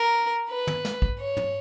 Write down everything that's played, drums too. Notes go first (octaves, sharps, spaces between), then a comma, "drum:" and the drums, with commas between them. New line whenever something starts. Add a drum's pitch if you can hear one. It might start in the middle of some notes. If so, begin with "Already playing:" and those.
Already playing: A#4
B4
drum: tom
drum: snare
drum: kick
C#5
drum: tom